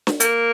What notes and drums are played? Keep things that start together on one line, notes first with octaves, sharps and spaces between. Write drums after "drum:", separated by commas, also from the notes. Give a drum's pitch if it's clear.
drum: snare
A#3, drum: hi-hat